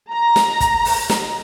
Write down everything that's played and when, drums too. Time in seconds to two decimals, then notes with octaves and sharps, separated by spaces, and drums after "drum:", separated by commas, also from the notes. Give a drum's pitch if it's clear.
0.11 A#5
0.36 drum: snare
0.60 drum: kick, hi-hat
0.85 drum: open hi-hat
1.10 drum: snare